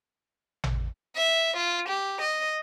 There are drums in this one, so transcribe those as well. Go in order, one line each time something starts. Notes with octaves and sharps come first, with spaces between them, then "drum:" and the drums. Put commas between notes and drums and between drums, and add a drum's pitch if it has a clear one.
drum: tom A1
E5
F4
G4
D#5